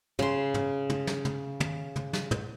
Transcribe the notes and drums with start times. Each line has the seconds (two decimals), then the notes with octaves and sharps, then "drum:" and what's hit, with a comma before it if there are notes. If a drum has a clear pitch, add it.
0.19 C#3 C6, drum: tom
0.54 drum: tom
0.90 drum: tom
1.07 drum: snare
1.25 drum: tom
1.60 drum: tom
1.96 drum: tom
2.13 drum: snare
2.31 drum: tom